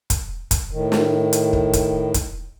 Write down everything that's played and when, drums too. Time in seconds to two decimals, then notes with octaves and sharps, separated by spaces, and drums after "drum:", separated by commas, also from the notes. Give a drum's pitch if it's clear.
0.10 drum: kick, hi-hat
0.51 drum: kick, hi-hat
0.71 A2 D#3
0.92 drum: snare
1.33 drum: hi-hat
1.53 drum: kick
1.73 drum: kick, hi-hat
2.14 drum: kick, hi-hat